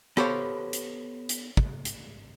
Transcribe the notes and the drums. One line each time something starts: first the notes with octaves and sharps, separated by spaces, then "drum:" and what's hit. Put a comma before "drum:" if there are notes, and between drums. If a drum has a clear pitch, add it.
B3 G4 A4 C5 C#5 F5, drum: rim click
drum: hi-hat
drum: hi-hat
drum: kick
drum: hi-hat